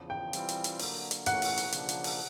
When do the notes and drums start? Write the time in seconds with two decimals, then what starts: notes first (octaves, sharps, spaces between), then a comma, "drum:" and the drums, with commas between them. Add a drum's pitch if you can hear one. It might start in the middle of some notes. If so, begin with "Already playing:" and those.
Already playing: E2 C#3 F3
0.10 G5
0.33 E3 G3 C4 F4, drum: hi-hat
0.49 drum: hi-hat
0.64 drum: hi-hat
0.79 D3 F#3 A#3, drum: open hi-hat
1.11 drum: hi-hat
1.26 A2 E3 A3 C#4 F#5, drum: hi-hat
1.42 drum: open hi-hat
1.57 drum: hi-hat
1.72 C#3 F3 A#3 D4, drum: hi-hat
1.89 drum: hi-hat
2.04 drum: open hi-hat